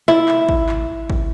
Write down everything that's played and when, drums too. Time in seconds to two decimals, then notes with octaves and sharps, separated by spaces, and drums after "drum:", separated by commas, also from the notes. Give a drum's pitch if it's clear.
0.08 E4
0.28 drum: clap
0.49 drum: kick
0.69 drum: clap
1.10 drum: kick